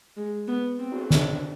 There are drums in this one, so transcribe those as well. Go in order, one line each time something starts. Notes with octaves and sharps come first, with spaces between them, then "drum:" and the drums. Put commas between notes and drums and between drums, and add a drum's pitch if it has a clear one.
G#3
B3
C4
drum: cymbal
D4, drum: snare